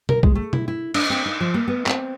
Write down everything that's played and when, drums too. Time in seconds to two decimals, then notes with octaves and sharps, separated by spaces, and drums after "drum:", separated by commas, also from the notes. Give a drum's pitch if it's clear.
0.09 A#4, drum: tom B2
0.23 G#3, drum: kick B1
0.35 A3
0.53 E4, drum: tom B2
0.68 E4
0.94 D4, drum: cymbal
1.10 C4
1.26 D#4
1.40 F3
1.54 A#3
1.68 B3
1.86 C4, drum: clap